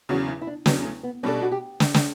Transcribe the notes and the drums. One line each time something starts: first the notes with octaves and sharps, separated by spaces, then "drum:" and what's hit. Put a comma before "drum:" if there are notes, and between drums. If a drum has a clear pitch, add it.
E2 C#3 F#3 F#4
E4
E4
D4
E2 C#3 F#3 B3, drum: snare
A3
B3
B2 G3 C#4 D4 A4
F#4
G4
drum: snare
drum: snare